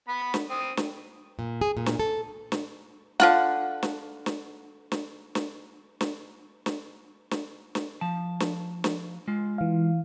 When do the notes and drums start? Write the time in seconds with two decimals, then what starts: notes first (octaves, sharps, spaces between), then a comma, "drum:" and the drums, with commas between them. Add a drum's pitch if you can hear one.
0.08 B3 B5
0.34 drum: snare
0.50 C4 D#6
0.77 drum: snare
1.39 A#2
1.61 G#4
1.77 A#2
1.86 drum: snare
2.00 A4
2.52 drum: snare
3.20 D3 F4 F#5, drum: snare
3.83 drum: snare
4.26 drum: snare
4.92 drum: snare
5.35 drum: snare
6.01 drum: snare
6.66 drum: snare
7.31 drum: snare
7.75 drum: snare
8.01 F3 A5
8.40 drum: snare
8.84 drum: snare
9.28 G#3 F4
9.58 E3 F5